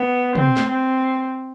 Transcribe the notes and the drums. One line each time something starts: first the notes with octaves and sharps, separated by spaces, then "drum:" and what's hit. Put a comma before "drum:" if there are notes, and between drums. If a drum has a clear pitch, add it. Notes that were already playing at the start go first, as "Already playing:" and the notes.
Already playing: B3
C4, drum: tom
drum: snare
C4